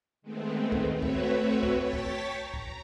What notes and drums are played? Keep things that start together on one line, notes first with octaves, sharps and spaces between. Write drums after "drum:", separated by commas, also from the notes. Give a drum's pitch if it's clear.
D#3 G#3 A3 B3 C4
drum: kick
A3 C4 F#4 B4 C#5 E5
drum: kick
drum: kick
C#5 G5 A5 C#6 A6 B6
drum: kick
A#5
drum: kick